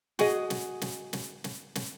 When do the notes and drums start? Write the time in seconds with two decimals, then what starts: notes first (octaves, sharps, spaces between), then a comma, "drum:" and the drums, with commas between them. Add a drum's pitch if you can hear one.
0.19 F#4 G#4 D#5, drum: snare
0.50 drum: snare
0.81 drum: snare
1.13 drum: snare
1.44 drum: snare
1.75 drum: snare